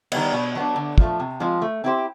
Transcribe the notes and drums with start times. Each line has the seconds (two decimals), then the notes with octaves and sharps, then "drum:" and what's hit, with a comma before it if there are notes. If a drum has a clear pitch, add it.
0.12 D#3 G3 B3, drum: cymbal
0.33 B2
0.55 F#3 B3 D4
0.76 D3
0.98 F3 A3, drum: kick
1.20 C3
1.40 F3 G#3 C4 F4
1.62 A3
1.84 C4 E4 G4 C5